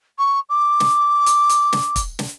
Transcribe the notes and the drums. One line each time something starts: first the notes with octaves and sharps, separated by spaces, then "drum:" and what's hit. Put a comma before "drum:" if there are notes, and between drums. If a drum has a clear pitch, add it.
C#6
D6
drum: snare
drum: hi-hat
drum: hi-hat
drum: snare
drum: kick, hi-hat
drum: snare